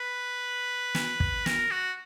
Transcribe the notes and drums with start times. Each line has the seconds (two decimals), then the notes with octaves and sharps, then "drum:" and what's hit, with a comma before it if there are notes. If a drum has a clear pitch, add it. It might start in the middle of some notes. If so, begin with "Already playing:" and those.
Already playing: B4
0.95 drum: snare
1.20 drum: kick
1.46 A#4, drum: snare
1.71 F#4